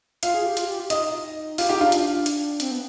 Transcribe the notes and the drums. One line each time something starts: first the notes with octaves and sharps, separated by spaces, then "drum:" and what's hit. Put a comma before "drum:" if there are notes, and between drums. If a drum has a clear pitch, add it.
F4 F5, drum: hi-hat
G#4
G4
F4, drum: hi-hat
G4
F4
D#4 D#5, drum: hi-hat
F4 G4, drum: open hi-hat
D#4 G4
D4 F4
drum: hi-hat
drum: hi-hat
C4, drum: hi-hat
B3